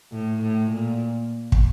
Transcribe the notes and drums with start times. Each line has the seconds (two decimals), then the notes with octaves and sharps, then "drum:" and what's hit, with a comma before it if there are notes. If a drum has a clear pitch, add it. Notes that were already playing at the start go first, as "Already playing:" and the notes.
0.12 A2
0.42 A2
0.70 A#2
1.52 drum: kick